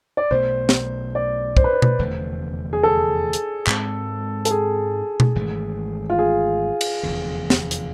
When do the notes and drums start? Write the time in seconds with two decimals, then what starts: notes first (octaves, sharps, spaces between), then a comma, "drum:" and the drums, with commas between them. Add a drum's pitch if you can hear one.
0.17 D5
0.31 B1 B2 A3 C5
0.69 drum: snare
1.15 D5
1.57 C5, drum: kick
1.64 B4
1.73 C5
1.82 drum: tom B2
1.99 F1 E2 D3 A3
2.73 G#4
2.83 A4
3.33 drum: hi-hat
3.67 G#2 G#3 C4, drum: clap
4.45 A4, drum: hi-hat
4.51 G#4
5.20 drum: tom B2
5.35 G#1 G#2 E3 A3
6.10 F4
6.19 G#4
6.81 drum: cymbal
7.03 F1 E2 D3
7.50 drum: snare
7.71 drum: hi-hat